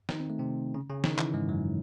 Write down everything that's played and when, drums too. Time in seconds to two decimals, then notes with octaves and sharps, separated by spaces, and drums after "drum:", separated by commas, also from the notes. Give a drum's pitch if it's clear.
0.09 D#3 D#4, drum: snare
0.20 C4
0.30 A3
0.39 C3 C4
0.74 C#3 C#4
0.90 C#3 C#4
1.04 D#3 D#4, drum: snare
1.18 E3 E4, drum: clap
1.34 G#2 G#3
1.48 F#2 F#3